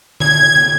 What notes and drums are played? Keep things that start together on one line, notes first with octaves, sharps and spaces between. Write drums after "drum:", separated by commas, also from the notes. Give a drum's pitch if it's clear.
G#6, drum: tom D3
drum: tom D3